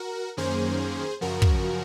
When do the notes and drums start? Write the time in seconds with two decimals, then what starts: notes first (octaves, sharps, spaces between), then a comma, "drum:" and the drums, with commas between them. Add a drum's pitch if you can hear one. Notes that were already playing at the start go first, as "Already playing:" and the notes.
Already playing: F#4 A#4
0.37 F#2 D#3 A#3 C#4 G#4 C5
1.21 F#2 C#3 F3 F#4 A#4
1.42 drum: kick